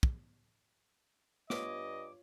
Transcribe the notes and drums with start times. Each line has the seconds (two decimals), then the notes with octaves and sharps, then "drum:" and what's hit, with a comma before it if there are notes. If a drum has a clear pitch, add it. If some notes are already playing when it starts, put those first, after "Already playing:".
0.03 drum: kick
1.50 G2 F4 C#5 D#5 D6, drum: snare